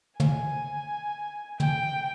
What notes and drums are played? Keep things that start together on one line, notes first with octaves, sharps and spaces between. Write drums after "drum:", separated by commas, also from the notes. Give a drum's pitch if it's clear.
G#5, drum: tom
G5, drum: tom